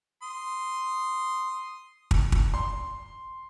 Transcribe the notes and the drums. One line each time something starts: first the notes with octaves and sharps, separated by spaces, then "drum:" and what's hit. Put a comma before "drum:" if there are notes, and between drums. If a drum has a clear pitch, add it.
C6 D#6
drum: kick
drum: kick
C6